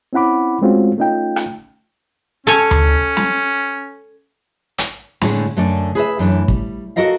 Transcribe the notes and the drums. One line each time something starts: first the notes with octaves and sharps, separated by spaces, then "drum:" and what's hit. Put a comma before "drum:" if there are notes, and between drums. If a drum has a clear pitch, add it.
C4 C#4 E4 F#5 B5 D6
G#3 A3 C4 C#4 F4 F#4
A3 C#4 D#4 F4 G5
drum: rim click
C#4 A4 C#5 G#5
drum: tom D2
drum: snare
drum: hi-hat
A2 D3 G#3 A3 D4, drum: snare
F#2 D3 A3 A4 D5
G#4 B4 C5 E5
F#2 E3 A3 D4
G3, drum: kick
F#4 A4 A#4 D#5 F5